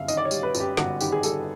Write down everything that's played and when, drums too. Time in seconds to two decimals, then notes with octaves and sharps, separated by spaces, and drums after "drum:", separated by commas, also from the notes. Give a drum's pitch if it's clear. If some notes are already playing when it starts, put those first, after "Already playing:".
Already playing: G1 F#2 E5 F5
0.08 D#3 D#5, drum: tambourine
0.17 D5
0.25 C#5
0.31 G3, drum: tambourine
0.43 B4
0.55 F#2, drum: tambourine
0.60 G4
0.77 G1 F#4, drum: snare
1.01 D#3 G4, drum: tambourine
1.12 G#4
1.23 G3 A4, drum: tambourine